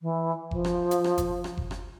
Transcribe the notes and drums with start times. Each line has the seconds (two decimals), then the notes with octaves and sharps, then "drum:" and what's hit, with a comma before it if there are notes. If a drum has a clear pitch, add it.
0.01 E3
0.51 F3, drum: kick F#1
0.64 drum: rim click
0.91 drum: hi-hat
1.04 drum: rim click
1.18 drum: kick F#1, hi-hat
1.44 drum: rim click
1.57 drum: kick F#1
1.71 drum: rim click